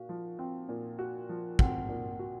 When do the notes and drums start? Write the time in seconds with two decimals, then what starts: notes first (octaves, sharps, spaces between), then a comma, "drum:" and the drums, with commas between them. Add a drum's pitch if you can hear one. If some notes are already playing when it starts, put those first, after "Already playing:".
Already playing: A#2 F#4 F5
0.09 F3
0.39 C4
0.69 A#2
0.99 F#4
1.29 F3
1.59 C4 F#5, drum: kick
1.89 A#2
2.19 F#4